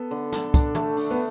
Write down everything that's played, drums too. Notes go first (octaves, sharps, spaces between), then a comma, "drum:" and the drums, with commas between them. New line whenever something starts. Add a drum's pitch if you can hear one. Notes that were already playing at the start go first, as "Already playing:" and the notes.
Already playing: B3 A4
D3
A4, drum: snare
D4, drum: kick, hi-hat
A3, drum: tom
D4, drum: open hi-hat
B3